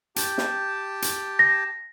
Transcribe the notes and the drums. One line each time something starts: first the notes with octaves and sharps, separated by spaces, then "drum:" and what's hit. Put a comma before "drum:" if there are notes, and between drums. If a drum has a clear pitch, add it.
G4 G5 A5, drum: hi-hat
drum: snare
drum: hi-hat
A#6